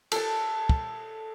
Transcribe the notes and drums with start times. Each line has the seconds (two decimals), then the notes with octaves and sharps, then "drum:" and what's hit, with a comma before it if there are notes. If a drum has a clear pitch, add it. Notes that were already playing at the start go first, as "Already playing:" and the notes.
0.12 A4 A5, drum: cymbal
0.69 drum: kick